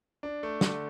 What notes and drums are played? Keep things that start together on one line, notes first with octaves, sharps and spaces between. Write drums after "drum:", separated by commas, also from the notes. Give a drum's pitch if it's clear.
D4
A3
D3, drum: snare